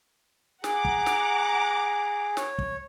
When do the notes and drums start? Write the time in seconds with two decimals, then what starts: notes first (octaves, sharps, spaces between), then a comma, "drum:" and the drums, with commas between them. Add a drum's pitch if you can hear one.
0.64 G#4 F#5 A#5 D6, drum: snare
0.85 drum: kick
1.06 drum: snare
2.37 C#5, drum: snare
2.59 drum: kick